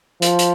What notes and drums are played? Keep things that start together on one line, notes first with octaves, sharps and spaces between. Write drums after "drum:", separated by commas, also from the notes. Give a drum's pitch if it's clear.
F3, drum: hi-hat
drum: hi-hat